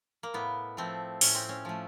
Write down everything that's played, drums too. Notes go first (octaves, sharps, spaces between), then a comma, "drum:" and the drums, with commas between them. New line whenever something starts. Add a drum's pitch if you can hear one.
A#3
A2 B3
F3 A3 C4
A2 C#4, drum: open hi-hat
C4
C#4
F3 A3